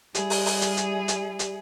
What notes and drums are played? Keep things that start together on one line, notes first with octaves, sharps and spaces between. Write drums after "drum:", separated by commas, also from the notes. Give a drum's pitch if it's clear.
G3 E4 G4 G#4 D5, drum: hi-hat
drum: open hi-hat
drum: open hi-hat
drum: hi-hat
drum: hi-hat
drum: hi-hat
drum: hi-hat